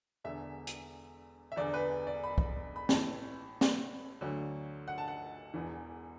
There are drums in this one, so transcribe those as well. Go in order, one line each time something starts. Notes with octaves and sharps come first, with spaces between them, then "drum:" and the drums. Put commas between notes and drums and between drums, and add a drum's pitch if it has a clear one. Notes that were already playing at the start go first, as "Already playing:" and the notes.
E1 E2 D3 E5
drum: hi-hat
E5
E1 E2 D3 D5
B4
D5
B5
drum: kick
B5
A1 A2 E3 A5, drum: snare C4
drum: snare C4
D2 D3 F#3
F#5
A5
F#5
E1 E2 E3